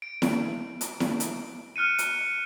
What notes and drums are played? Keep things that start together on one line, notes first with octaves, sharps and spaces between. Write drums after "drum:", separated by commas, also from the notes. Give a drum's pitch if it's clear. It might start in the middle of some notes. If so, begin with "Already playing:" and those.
D7
drum: snare E4
drum: hi-hat
drum: snare E4
drum: hi-hat
F6 F#6 C#7 D#7
drum: hi-hat